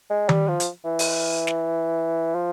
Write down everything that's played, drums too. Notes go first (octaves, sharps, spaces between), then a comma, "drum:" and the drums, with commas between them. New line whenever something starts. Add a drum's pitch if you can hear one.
G#3
G3, drum: tom D#3
F3
drum: hi-hat
E3
drum: open hi-hat
drum: snare
F3